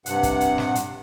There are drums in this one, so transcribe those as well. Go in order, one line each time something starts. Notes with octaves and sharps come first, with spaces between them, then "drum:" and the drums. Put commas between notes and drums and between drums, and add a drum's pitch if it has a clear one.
G2 C3 F#5, drum: hi-hat
drum: kick, hi-hat
drum: hi-hat
drum: snare
drum: hi-hat